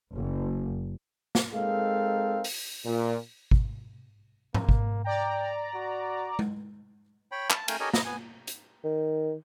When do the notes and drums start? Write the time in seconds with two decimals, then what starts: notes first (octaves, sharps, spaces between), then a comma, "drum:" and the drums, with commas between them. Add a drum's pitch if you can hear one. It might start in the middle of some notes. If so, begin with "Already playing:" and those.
0.14 F#1
1.35 drum: snare
1.54 G#3 C4 D#4 A4 A#4 F5
2.44 drum: open hi-hat
2.85 A#2
3.51 drum: kick G#1
4.54 A#3, drum: tom G#2
4.69 drum: kick G#1
5.05 D5 G5 A#5
5.74 F#4
6.39 drum: tom G#3
7.32 C#5 G5 B5
7.50 A5, drum: clap
7.68 A3 A#4 F5 G5 G#5, drum: cymbal
7.80 G4 A4 A#4 C#5 D#5 G#5
7.94 E4 D#5 E5 A#5, drum: snare
8.05 B3 G#5
8.47 drum: hi-hat
8.84 D#3